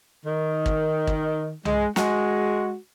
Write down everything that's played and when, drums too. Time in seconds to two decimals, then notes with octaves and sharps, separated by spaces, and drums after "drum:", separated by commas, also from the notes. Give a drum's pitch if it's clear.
0.25 D#3
0.66 drum: kick
1.07 drum: kick
1.65 G#3, drum: tom C2
1.96 G#3 F#4, drum: snare